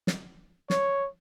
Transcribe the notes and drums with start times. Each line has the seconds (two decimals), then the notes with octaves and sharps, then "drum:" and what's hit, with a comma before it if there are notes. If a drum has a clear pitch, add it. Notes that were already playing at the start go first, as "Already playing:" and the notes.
0.07 drum: snare
0.70 C#5, drum: snare